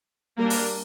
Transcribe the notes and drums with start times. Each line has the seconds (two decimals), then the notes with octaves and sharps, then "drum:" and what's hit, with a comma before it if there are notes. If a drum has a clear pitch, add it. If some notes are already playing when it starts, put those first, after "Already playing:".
0.38 G3 A#3 D4 A#4
0.50 drum: open hi-hat